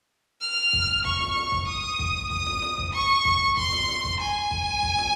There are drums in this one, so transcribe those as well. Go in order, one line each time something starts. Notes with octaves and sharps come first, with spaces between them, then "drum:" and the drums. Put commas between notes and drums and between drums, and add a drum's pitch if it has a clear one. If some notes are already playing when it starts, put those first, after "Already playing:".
F6
drum: kick
C#6, drum: kick
drum: snare
drum: snare
drum: kick
D#6
drum: kick
D#6, drum: kick
drum: snare
drum: snare
drum: kick
C#6
drum: kick
C6, drum: kick
drum: snare
drum: snare
drum: kick
G#5
drum: kick
drum: kick
drum: snare